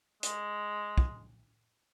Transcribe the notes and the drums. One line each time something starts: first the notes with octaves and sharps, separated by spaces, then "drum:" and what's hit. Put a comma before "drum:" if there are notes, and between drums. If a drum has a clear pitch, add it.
G#3, drum: hi-hat
drum: kick